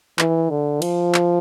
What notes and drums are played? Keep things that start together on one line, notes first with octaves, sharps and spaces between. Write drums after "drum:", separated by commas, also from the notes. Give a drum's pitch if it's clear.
E3, drum: clap
D3
F3, drum: cymbal
drum: clap